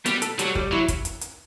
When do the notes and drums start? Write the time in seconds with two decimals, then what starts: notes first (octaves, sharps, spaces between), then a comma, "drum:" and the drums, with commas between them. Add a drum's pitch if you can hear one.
0.06 G3 B3, drum: hi-hat
0.22 A4, drum: hi-hat
0.39 F#3 G3, drum: hi-hat
0.55 G3, drum: kick
0.71 F#3 E4
0.88 drum: kick, hi-hat
1.05 drum: hi-hat
1.21 drum: hi-hat